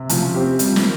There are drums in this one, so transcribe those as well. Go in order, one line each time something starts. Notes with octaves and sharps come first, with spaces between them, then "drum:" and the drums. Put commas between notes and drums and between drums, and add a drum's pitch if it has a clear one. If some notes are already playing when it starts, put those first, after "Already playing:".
Already playing: C3
C#3 F3, drum: hi-hat
C4 G4
C3 G3, drum: hi-hat
F3
D#3, drum: snare